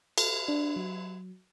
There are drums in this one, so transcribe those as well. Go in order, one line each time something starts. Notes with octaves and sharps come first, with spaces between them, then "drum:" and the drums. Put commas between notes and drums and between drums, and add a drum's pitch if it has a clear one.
A4, drum: cymbal
D4
F#3